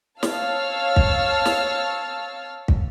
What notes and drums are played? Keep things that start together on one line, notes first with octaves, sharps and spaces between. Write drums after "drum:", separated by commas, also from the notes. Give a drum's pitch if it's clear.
C#5 F5 A5 E6 F6, drum: snare
drum: kick
drum: snare
drum: kick